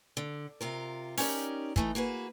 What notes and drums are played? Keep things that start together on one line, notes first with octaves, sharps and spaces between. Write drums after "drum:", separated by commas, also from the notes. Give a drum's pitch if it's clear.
D3
C3 F4 A#4
C#4 D#4 G4 A#4 D5, drum: open hi-hat
E3 A3 D#4, drum: kick
A#3 F#4 G#4 B4